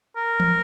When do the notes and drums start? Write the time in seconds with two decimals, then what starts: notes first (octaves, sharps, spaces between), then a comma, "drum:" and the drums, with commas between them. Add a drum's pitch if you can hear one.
0.16 A#4
0.40 drum: tom E3